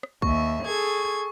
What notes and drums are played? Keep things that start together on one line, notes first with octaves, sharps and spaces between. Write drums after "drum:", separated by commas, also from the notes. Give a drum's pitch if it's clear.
drum: rim click
D#2 E5 C#6, drum: kick B1
G#4 A4 G#6